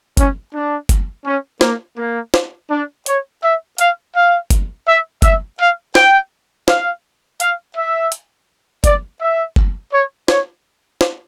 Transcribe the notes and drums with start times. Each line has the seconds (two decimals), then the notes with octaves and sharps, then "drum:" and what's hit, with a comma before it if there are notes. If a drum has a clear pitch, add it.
0.17 C#4, drum: kick F#1, hi-hat
0.54 D4
0.89 drum: kick F#1, hi-hat
1.25 C#4
1.61 A#3, drum: snare
1.97 A#3
2.34 drum: snare
2.70 D4
3.06 C#5, drum: hi-hat
3.42 E5
3.78 F5, drum: hi-hat
4.15 F5
4.50 drum: kick F#1, hi-hat
4.87 E5
5.22 E5, drum: kick F#1, hi-hat
5.59 F5
5.95 G5, drum: snare
6.68 F5, drum: snare
7.40 F5, drum: hi-hat
7.76 E5
8.12 drum: hi-hat
8.84 D5, drum: kick F#1, hi-hat
9.21 E5
9.56 drum: kick F#1
9.92 C#5
10.28 C#5, drum: snare
11.01 drum: snare